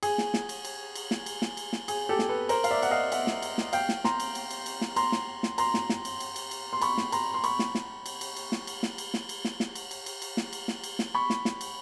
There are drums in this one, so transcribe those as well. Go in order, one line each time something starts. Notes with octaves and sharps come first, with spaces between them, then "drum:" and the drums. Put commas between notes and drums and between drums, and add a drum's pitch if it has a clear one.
G#4, drum: cymbal
drum: snare
drum: snare
drum: cymbal
drum: cymbal
drum: cymbal
drum: snare
drum: cymbal
drum: snare
drum: cymbal
drum: snare
G#4, drum: cymbal
G4 A4
drum: snare
A4 B4
A#4 C5, drum: cymbal
F5, drum: cymbal
D5 E5
F#5, drum: cymbal
D#5 F5
E5 F#5, drum: cymbal
drum: snare
drum: cymbal
drum: snare
F5 G5, drum: cymbal
drum: snare
A#5 C6, drum: snare
drum: cymbal
drum: cymbal
drum: cymbal
drum: cymbal
drum: snare
A#5 C6, drum: cymbal
drum: snare
drum: snare
A#5 C6, drum: cymbal
drum: snare
drum: snare
drum: cymbal
drum: cymbal
drum: cymbal
drum: cymbal
C6
B5 C#6, drum: cymbal
drum: snare
A#5 C6, drum: cymbal
C6
B5 C#6, drum: cymbal
drum: snare
drum: snare
drum: cymbal
drum: cymbal
drum: cymbal
drum: snare
drum: cymbal
drum: snare
drum: cymbal
drum: snare
drum: cymbal
drum: snare
drum: snare
drum: cymbal
drum: cymbal
drum: cymbal
drum: cymbal
drum: snare
drum: cymbal
drum: snare
drum: cymbal
drum: snare
B5 C#6
drum: snare
drum: snare
drum: cymbal